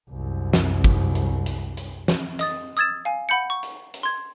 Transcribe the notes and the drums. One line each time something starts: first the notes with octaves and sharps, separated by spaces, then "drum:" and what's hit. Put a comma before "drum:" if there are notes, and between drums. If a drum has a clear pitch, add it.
C2 F#2
drum: snare
drum: kick, open hi-hat
drum: hi-hat
drum: hi-hat
drum: hi-hat
drum: snare
D#5 D#6 A6, drum: hi-hat
D#6 E6 G#6 A6 E7
F5 G#5
F#5 B5 G6 C#7
C#6
drum: hi-hat
drum: hi-hat
C6 G#6